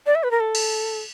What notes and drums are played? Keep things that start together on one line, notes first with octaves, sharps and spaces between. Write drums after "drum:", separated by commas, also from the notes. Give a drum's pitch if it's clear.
D5
E5
B4
A#4
A4
drum: cymbal